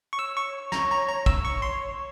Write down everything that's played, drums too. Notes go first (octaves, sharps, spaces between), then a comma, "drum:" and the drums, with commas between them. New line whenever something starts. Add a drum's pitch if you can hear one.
C#6
C#5 E6
C#6
C#5 A#5, drum: snare
A#5
A#5
C#5 E6, drum: kick
C#6
C6